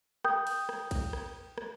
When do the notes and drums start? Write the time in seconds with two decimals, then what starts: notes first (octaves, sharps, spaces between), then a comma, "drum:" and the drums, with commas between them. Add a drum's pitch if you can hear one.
0.24 G5 D#6 G6, drum: rim click
0.47 drum: cymbal
0.69 drum: rim click
0.91 drum: kick, cymbal
1.13 drum: rim click
1.58 drum: rim click